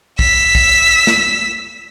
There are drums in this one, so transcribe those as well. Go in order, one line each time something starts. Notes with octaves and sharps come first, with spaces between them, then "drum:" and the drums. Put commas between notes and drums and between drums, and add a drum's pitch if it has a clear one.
E6 B6, drum: kick
drum: kick
drum: snare